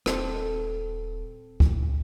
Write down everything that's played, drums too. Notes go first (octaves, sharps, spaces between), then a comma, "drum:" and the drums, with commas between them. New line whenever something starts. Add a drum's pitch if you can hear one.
D#1 C4 A4, drum: rim click
drum: kick